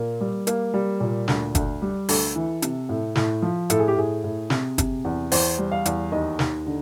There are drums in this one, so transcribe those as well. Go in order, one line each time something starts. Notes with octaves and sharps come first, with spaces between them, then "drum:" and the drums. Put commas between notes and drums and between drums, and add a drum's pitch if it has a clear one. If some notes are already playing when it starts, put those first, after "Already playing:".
Already playing: A#2 A#3
G3
A#3, drum: hi-hat
G3
A#2
D2, drum: snare
D2, drum: kick F#1, hi-hat
G3
D2 A4, drum: open hi-hat
E3
C3, drum: hi-hat
A2
A2, drum: snare
F3
A2 A4, drum: hi-hat
G#4
G4
A2 G#4
A2
C3, drum: snare
C3, drum: kick F#1, hi-hat
E2
E2 C5, drum: open hi-hat
G3
F5
E2, drum: hi-hat
D#2 D#5
D#2, drum: snare
D3